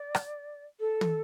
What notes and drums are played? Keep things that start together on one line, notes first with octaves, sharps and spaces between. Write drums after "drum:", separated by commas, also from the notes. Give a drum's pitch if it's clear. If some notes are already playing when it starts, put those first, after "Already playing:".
Already playing: D5
drum: rim click
A4
drum: tom